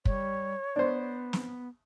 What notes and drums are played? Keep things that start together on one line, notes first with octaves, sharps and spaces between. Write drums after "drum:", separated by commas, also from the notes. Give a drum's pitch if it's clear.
G3 C#5, drum: kick
B3 D4 C5
drum: snare